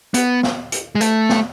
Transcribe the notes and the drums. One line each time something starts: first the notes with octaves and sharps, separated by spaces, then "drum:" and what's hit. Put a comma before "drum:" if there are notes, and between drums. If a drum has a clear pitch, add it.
B3, drum: hi-hat
drum: snare
drum: hi-hat
G#3
A3, drum: hi-hat
drum: snare